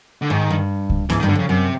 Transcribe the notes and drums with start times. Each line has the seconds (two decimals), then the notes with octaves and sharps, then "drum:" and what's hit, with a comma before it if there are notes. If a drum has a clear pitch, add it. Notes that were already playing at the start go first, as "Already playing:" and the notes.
0.22 D3
0.30 G#2 D#3
0.51 G2
0.90 drum: kick C#2
1.10 G#2 E3, drum: snare B3
1.20 D#3
1.23 G2
1.28 D3
1.35 F2 C#3
1.49 F#2 C3